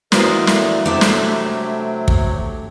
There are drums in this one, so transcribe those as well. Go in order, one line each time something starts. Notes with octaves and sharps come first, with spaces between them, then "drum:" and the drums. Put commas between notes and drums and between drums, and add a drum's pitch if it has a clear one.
E3 F#4 A#4 C5 D5 D#5 F5 D6, drum: snare
A#2 A3, drum: snare
C3 F#3 G3 A3 D4 G4 E5
drum: snare
drum: kick